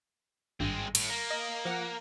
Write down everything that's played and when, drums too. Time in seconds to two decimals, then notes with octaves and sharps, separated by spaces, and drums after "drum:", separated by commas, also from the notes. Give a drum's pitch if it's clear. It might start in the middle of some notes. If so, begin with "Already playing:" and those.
0.60 G#1 G2 G#3 C4
0.95 A2, drum: cymbal
1.10 A#3
1.31 D#5
1.65 F3 F#5